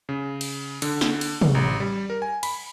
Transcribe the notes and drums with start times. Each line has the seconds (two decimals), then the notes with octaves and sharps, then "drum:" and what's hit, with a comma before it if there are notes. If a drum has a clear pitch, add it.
0.09 C#3
0.41 drum: cymbal
0.82 D3, drum: cymbal
1.01 drum: snare
1.21 drum: cymbal
1.41 drum: tom C3
1.55 A1
1.80 G3
2.10 A#4
2.22 G#5
2.43 B5, drum: cymbal